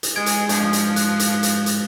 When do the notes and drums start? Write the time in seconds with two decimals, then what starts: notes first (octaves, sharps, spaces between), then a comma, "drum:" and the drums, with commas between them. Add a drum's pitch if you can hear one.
0.03 drum: hi-hat
0.16 G#3 G#6 D7
0.26 drum: hi-hat
0.49 G#2 F3 D4, drum: hi-hat
0.73 drum: hi-hat
0.96 F#6, drum: hi-hat
1.19 drum: hi-hat
1.43 drum: hi-hat
1.66 drum: hi-hat